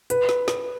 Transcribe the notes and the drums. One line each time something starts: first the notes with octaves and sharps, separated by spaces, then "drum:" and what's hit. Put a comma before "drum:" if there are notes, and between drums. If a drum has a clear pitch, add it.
B4, drum: hi-hat
drum: snare
drum: snare